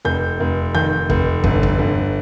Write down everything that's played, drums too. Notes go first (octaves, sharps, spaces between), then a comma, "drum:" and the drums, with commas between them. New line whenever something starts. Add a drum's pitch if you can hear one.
F1 G6
F1
D#3 G6
F1, drum: kick
G1, drum: kick
drum: kick
G1